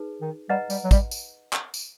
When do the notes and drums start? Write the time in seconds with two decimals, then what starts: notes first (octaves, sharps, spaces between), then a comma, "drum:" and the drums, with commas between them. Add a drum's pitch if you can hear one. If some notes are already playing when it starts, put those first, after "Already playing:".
Already playing: D#4 G#4 B4
0.21 D#3
0.49 G3 B4 D#5 F#5 A#5
0.70 G3, drum: tambourine
0.84 F#3
0.91 G3, drum: kick, tambourine
1.11 drum: tambourine
1.53 drum: clap
1.74 drum: tambourine